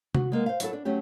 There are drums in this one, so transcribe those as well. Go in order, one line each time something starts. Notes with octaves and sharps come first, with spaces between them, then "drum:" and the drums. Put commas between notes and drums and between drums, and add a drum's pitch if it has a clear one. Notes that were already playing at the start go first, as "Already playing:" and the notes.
F#4, drum: tom C3
G#3 A#3 B3
C5 F5
F#3 E4 A4, drum: hi-hat
D4
F#3 A3 C#4 G4